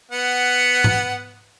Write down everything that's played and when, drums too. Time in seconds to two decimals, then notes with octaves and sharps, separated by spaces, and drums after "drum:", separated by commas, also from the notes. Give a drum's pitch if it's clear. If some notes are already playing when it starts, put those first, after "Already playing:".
0.12 B3 F#5
0.84 drum: tom G#2